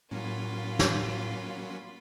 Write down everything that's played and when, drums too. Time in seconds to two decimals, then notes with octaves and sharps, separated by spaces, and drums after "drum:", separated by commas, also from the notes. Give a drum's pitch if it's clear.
0.11 A2 F#3 A#3 C#4 F4 B5
0.79 drum: snare